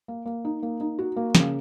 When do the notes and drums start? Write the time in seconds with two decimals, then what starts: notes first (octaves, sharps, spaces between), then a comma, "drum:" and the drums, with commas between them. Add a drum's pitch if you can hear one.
0.08 A#3
0.26 A#3
0.45 D#4
0.63 A#3
0.81 D#4
0.99 F#4
1.17 A#3
1.35 C#3, drum: snare